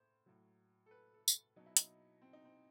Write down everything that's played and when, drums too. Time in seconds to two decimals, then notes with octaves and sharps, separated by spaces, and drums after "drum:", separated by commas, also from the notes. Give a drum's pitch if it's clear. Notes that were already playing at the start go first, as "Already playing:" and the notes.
Already playing: A2 C5
0.26 A2 F#3
0.86 A4
0.91 B4
1.14 A4
1.28 drum: tambourine
1.56 B2 F#3 D#4
1.66 E4
1.77 D#4, drum: hi-hat
2.22 C4
2.33 D#4
2.45 C4